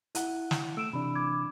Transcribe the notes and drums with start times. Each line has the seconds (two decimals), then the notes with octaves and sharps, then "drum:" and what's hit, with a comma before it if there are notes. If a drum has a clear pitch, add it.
0.15 E4 F#5, drum: hi-hat
0.51 drum: snare
0.77 A3 E6 D7 E7
0.93 C3 E3 D4 B5
1.15 B5 D6 G#6